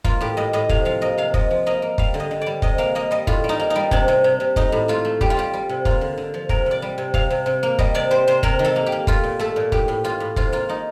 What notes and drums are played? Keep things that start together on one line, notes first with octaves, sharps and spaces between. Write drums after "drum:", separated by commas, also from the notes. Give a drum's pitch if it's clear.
A#3 F4, drum: kick
A2 G4
A2 D#5
A2 D#5
C3 F5, drum: kick
F3 F5
A#3 D#5
C3 F5
F3 D#5, drum: kick
F3
A#3 D#5
A#3
G3 F5, drum: kick
D3
D#5
D3
G3 D5
C3 D#5, drum: kick
A#3 F5
A#3 D#5
G3 D#5
A2 F4, drum: kick
G3
D#4
A#3
D#4
G3
C3 D4, drum: kick
C3
C3
C3
A3 D#4, drum: kick
A2
A3 F4
A3
G3 G4, drum: kick
F4
G3 G4
G3
C3
A#3 F4, drum: kick
D3
D3
F3
C3 A#4, drum: kick
C3 D5
G3
C3
C3 F5, drum: kick
C3
C3
A#3
G3 D#5, drum: kick
C3 D5
G3 C5
C3 C5
C3 A#4, drum: kick
D#3
A4
A#3
G4
A#3
A3 F4, drum: kick
A#2
A3 A4
A#2
A2 G4, drum: kick
A2
A2 F4
A2
C3 F4, drum: kick
A#3 F4
A#3 D#4